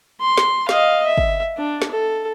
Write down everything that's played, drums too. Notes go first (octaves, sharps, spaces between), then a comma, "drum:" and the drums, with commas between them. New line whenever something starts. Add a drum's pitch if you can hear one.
C6
drum: snare
D#5 F5, drum: snare
E5
drum: kick
D4
drum: snare
A4